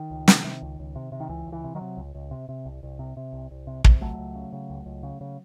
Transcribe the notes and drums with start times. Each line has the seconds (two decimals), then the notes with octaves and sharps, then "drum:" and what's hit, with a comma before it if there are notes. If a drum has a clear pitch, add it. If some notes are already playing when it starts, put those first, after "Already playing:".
Already playing: D#3
0.11 C#2
0.28 C3, drum: snare
0.44 C3
0.62 C#2
0.79 C#2
0.95 C3
1.12 C3
1.20 D#3
1.29 C#2 E3
1.47 C#2
1.52 E3
1.64 C3
1.75 D#3 F#3
1.81 C3
1.97 C#2
2.15 C#2
2.31 C3
2.49 C3
2.65 C2
2.83 C2
2.99 C3
3.17 C3
3.33 C2
3.51 C2
3.67 C3
3.84 C3, drum: kick
4.01 C#2 F#3 A3
4.18 C#2
4.35 C#3
4.53 C#3
4.70 C#2
4.86 C#2
5.03 C#3
5.21 C#3